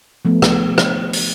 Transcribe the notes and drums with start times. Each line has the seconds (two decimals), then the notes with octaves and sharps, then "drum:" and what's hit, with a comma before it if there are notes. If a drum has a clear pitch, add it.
0.25 F3 A3 B3
0.42 drum: rim click
0.78 drum: rim click
1.13 drum: open hi-hat